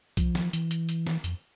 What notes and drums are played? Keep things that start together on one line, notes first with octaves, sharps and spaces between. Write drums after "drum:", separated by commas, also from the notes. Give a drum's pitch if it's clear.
F3, drum: kick B1, hi-hat
drum: snare
E3, drum: hi-hat
drum: hi-hat
drum: hi-hat
drum: snare
F2, drum: hi-hat